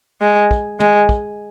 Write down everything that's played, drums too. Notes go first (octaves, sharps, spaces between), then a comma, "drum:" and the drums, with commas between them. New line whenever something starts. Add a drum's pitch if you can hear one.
G#3
drum: kick
G#3, drum: tom
drum: kick